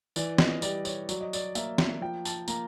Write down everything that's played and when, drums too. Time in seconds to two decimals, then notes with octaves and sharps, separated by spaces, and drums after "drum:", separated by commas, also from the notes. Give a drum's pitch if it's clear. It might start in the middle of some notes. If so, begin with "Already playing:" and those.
0.16 E3 D5, drum: tambourine
0.38 D#5, drum: snare
0.62 G3 D5, drum: tambourine
0.85 C#5, drum: tambourine
1.09 F#3 D5, drum: tambourine
1.21 D#5
1.33 D5, drum: tambourine
1.55 A#3 E5, drum: tambourine
1.78 drum: snare
2.01 F3 G5
2.25 A5, drum: tambourine
2.48 A#3 A#5, drum: tambourine